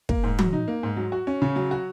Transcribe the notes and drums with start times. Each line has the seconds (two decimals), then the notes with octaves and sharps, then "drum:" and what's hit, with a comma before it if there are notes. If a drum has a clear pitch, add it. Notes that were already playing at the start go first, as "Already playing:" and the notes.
0.09 A#3, drum: kick
0.24 G#2
0.39 F#3, drum: tom F3
0.53 D#4
0.68 A#3
0.83 G#2
0.97 F#3
1.12 F#4
1.27 C#4
1.42 C#3
1.56 F#3
1.71 F#4